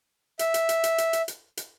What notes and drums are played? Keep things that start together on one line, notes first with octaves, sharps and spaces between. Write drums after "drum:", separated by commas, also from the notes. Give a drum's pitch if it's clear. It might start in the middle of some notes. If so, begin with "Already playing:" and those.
E5, drum: hi-hat
drum: hi-hat
drum: hi-hat
drum: hi-hat
drum: hi-hat
drum: hi-hat
drum: hi-hat
drum: hi-hat